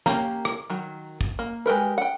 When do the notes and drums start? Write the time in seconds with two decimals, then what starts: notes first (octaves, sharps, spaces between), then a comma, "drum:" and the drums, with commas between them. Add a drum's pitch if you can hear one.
0.06 A#3 C#4 G4 F5 A#5, drum: snare
0.45 drum: rim click
0.70 D#3 F#3
1.21 drum: kick
1.39 A#3
1.66 G#3 G4 A#4 B4
1.98 F#5 G5